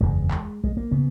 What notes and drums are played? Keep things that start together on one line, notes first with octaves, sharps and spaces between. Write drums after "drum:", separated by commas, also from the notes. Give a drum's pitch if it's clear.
F#1 E2 C#3 G#3
drum: clap
G#3, drum: kick A#1
A#3
C#3 B3